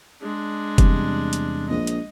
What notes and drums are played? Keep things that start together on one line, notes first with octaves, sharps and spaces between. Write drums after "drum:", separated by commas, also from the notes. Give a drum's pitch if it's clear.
G#3 D4
E2 C3 G3, drum: kick F1, hi-hat
drum: hi-hat
A#1 D#5
drum: hi-hat